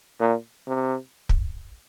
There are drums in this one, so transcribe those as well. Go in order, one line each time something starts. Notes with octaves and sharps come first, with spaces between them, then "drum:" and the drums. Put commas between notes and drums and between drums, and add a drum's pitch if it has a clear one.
A#2
C3
drum: kick